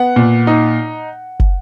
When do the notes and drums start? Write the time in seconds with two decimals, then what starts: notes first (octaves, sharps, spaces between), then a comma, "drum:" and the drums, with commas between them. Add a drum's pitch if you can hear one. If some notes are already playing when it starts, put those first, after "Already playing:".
Already playing: B3 F#5
0.16 A#2
0.47 D#4
1.40 drum: kick